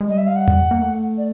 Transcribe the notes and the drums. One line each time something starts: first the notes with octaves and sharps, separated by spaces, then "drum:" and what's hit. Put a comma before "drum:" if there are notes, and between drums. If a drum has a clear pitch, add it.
G#3
G3 D#5
E5
F5
F#5
drum: tom E2
A#3
A3
D5